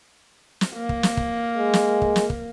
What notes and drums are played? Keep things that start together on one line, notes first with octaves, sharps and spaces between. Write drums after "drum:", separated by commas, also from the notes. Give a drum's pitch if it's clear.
drum: snare
A#3
drum: kick
drum: snare
drum: kick
G#3
drum: snare
drum: kick
drum: snare
drum: kick